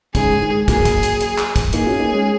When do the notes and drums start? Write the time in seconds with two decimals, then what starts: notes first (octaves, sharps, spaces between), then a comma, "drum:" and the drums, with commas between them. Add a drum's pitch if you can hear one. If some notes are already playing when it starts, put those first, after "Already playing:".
0.15 G#2 C#3 G#4, drum: kick, hi-hat
0.42 D#3 G#3
0.68 F#3 A#3 G#4, drum: kick, hi-hat
0.85 drum: kick, hi-hat
1.03 drum: hi-hat
1.21 drum: hi-hat
1.38 drum: clap
1.56 drum: kick, hi-hat
1.73 A#3 D#4 G#4, drum: hi-hat
1.86 C#4 F#4
1.99 A#3 D#4
2.13 G#3 C#4